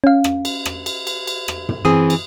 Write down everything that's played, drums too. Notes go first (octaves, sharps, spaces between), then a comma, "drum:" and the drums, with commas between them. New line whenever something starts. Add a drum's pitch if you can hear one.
C#4 F5
drum: rim click
drum: cymbal
drum: rim click
drum: cymbal
drum: cymbal
drum: cymbal
drum: rim click
drum: tom
E3 C4 G#4 D#6
drum: cymbal